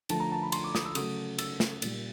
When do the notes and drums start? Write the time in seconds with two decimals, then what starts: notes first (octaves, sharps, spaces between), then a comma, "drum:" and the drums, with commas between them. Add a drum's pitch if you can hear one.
0.09 D3 F3 A3 A5, drum: cymbal
0.20 A#5
0.32 A5
0.43 B5
0.52 C6, drum: cymbal
0.64 D6
0.75 D#6, drum: snare
0.85 E6
0.95 C#3 F#3 A3 D#6, drum: cymbal
1.38 E6, drum: cymbal
1.60 drum: snare
1.82 A#2 G3, drum: cymbal